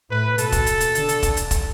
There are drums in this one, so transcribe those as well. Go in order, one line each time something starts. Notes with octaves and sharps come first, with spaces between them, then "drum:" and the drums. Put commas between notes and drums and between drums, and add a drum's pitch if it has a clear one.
A2 B4
B2 A4, drum: hi-hat
drum: kick, hi-hat
drum: hi-hat
drum: hi-hat
D3, drum: hi-hat
drum: hi-hat
drum: kick, hi-hat
drum: hi-hat
drum: kick, hi-hat